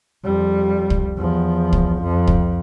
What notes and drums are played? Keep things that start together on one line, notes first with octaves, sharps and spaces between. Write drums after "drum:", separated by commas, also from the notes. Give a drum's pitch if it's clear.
F2 G3
drum: kick
E2 F3
drum: kick
F2
drum: kick